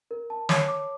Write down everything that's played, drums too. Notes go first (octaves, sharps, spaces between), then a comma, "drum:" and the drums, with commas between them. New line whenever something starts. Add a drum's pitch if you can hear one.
A#4
A5
C#5, drum: snare
D6